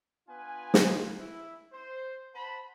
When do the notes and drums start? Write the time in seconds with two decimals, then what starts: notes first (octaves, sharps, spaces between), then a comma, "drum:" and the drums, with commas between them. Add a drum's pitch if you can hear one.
0.29 B3 D4 F4 B4 G#5
0.74 drum: snare
1.21 E4
1.73 C5
2.35 C5 F#5 A5 B5